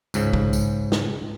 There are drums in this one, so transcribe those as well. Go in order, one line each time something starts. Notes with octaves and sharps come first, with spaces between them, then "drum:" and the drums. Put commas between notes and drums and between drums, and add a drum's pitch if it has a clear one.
C#2 G#2 C#3, drum: tambourine
drum: kick
drum: tambourine
drum: snare